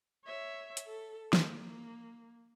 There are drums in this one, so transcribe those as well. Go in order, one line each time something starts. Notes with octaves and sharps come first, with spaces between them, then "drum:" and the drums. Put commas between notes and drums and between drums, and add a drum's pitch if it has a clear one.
C#5 E5
drum: hi-hat
A4
A#3, drum: snare